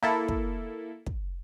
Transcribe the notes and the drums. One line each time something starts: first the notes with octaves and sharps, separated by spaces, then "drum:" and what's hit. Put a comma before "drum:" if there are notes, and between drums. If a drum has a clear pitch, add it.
A#3 E4 A4, drum: rim click
drum: kick
drum: kick